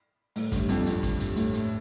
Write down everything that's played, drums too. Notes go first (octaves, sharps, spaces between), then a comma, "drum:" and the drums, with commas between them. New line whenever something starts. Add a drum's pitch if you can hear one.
A2, drum: open hi-hat
G2, drum: kick, hi-hat
F2, drum: hi-hat
G2, drum: hi-hat
drum: kick, hi-hat
drum: hi-hat
A2, drum: hi-hat
drum: hi-hat